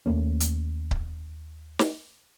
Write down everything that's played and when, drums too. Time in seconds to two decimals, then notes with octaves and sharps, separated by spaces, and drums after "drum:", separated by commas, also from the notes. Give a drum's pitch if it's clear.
0.06 D#2 A3 A#3 C#4
0.40 drum: hi-hat
0.91 drum: kick C#1
1.79 drum: snare